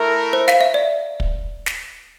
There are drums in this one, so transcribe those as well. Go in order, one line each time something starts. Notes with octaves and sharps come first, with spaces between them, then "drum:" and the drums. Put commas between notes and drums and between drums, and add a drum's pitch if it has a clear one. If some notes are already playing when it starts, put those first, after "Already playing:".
Already playing: A3 E4 A#4
C5
F5, drum: snare
E5
D5
drum: kick
drum: snare